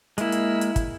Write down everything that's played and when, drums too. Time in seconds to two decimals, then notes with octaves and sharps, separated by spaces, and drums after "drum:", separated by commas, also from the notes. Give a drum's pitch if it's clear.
0.18 G#3 A#3 E4, drum: hi-hat
0.32 drum: hi-hat
0.61 drum: hi-hat
0.76 drum: kick, hi-hat